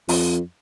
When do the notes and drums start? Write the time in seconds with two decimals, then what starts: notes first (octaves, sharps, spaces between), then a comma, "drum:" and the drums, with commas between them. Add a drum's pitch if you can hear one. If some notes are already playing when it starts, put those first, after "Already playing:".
0.09 F2, drum: open hi-hat